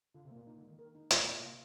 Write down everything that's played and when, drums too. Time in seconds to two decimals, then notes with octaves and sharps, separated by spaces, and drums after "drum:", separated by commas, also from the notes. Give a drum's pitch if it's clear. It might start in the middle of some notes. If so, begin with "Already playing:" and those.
0.15 D3 F4
0.25 C3
0.31 A#2 A#3
0.47 A#2 D#4
0.58 D3
0.63 G#3
0.68 D#3
0.79 D#3 A#4
0.95 D#4
1.11 C3 F4, drum: hi-hat
1.22 A#2
1.27 C3 A#3
1.32 A#2
1.43 C3 F4